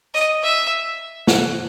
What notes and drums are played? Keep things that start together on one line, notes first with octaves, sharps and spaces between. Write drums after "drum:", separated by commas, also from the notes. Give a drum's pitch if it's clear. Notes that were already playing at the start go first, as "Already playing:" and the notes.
D#5
E5
F#5, drum: snare